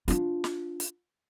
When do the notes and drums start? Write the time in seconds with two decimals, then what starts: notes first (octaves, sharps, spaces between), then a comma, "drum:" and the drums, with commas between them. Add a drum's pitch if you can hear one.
0.08 D4 F4, drum: hi-hat
0.44 drum: snare
0.80 drum: hi-hat